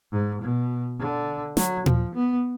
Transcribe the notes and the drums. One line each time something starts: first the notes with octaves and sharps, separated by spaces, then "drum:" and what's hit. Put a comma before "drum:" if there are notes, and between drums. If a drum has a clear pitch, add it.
G#2
B2
D3
F#3, drum: snare
F3, drum: tom A#2
B3